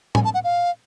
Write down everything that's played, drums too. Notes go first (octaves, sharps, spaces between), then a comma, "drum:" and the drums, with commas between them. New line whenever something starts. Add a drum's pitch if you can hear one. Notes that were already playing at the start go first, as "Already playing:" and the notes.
G#5, drum: tom A2
A5
F#5
F5